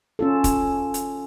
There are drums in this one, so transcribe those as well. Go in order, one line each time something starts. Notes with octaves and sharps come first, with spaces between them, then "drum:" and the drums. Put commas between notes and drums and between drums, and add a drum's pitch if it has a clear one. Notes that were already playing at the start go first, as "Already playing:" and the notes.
C#4 F4 A4
drum: kick, hi-hat
drum: hi-hat